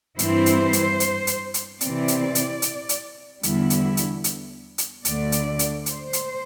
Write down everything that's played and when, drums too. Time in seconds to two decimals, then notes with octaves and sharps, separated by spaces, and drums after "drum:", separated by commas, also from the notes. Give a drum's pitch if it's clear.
0.19 G2 E3 C4 E4 C5, drum: hi-hat
0.46 drum: hi-hat
0.73 drum: hi-hat
1.00 drum: hi-hat
1.27 drum: hi-hat
1.54 drum: hi-hat
1.81 C3 E3 C4 D5, drum: hi-hat
2.08 drum: hi-hat
2.35 drum: hi-hat
2.62 drum: hi-hat
2.89 drum: hi-hat
3.43 E2 D3 G3 E4, drum: hi-hat
3.70 drum: hi-hat
3.97 drum: hi-hat
4.24 drum: hi-hat
4.78 drum: hi-hat
5.05 D2 D3 A3 D5, drum: hi-hat
5.32 drum: hi-hat
5.59 drum: hi-hat
5.86 C5, drum: hi-hat
6.13 drum: hi-hat